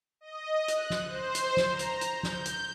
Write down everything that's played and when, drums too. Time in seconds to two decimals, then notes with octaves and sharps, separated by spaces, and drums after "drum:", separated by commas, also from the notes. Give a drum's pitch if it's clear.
0.21 D#5
0.68 F#6, drum: hi-hat
0.90 drum: snare
1.07 C5
1.35 drum: hi-hat
1.57 drum: snare
1.66 A#5
1.79 drum: hi-hat
2.01 drum: hi-hat
2.12 G6
2.23 drum: snare
2.45 drum: hi-hat